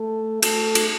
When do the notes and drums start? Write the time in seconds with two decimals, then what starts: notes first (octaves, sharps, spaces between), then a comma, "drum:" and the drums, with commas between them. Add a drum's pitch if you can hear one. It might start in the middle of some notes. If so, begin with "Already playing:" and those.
Already playing: A3
0.42 A3, drum: cymbal
0.75 drum: cymbal